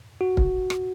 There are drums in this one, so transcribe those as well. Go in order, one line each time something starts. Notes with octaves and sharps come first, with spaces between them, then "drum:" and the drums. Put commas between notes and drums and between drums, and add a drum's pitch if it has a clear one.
F#4
drum: kick
drum: rim click